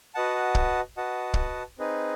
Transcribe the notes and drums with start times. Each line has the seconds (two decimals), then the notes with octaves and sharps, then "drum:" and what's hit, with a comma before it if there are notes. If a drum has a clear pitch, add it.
0.15 F#4 B4 D#5 F#5 A5
0.55 drum: kick
0.97 F#4 B4 D#5 F#5 A5
1.34 drum: kick
1.79 C4 D#4 G#4 B4 D#5